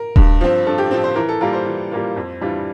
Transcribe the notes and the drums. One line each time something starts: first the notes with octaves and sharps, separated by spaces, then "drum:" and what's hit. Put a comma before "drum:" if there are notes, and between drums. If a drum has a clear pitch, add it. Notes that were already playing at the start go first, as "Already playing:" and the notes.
Already playing: A#4
G2, drum: kick D#1
F3 C4
G2 A4
G4
F3 C4
C5
E3 A#4
A4
G3 A#3 F4 A#4
C5
E3
G3 A#3 F4
F2
E3 G3 D4 F4